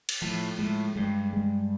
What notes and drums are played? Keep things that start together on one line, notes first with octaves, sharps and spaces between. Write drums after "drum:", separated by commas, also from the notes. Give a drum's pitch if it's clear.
drum: cymbal
A2 F3
A2 G#3
G2 G#3
G#3